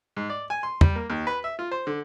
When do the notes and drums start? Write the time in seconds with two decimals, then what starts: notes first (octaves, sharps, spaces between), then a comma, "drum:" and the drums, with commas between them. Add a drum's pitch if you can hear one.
0.17 G#2
0.30 D5
0.50 G#5
0.63 C6
0.81 G3, drum: tom
0.96 A#3
1.10 D#2
1.27 B4
1.44 E5
1.59 F4
1.71 C5
1.87 D3